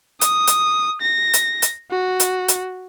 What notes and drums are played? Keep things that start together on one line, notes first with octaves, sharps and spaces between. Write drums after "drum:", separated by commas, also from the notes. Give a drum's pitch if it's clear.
D#6, drum: hi-hat
drum: hi-hat
A#6
drum: hi-hat
drum: hi-hat
F#4
drum: hi-hat
drum: hi-hat